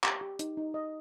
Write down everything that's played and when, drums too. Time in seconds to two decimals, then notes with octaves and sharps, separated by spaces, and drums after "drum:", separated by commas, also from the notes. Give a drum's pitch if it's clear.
0.04 G4, drum: clap
0.21 G4
0.39 D#4, drum: hi-hat
0.57 D#4
0.74 D#5